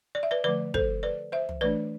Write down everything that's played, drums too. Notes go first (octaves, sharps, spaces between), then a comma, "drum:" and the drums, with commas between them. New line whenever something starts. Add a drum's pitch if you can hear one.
D5
E5
B4 D5
D3 F3 A3 B4 D5
A4 C5, drum: kick
B4 D5
C5 E5
drum: tom
E3 A3 D4 B4 D5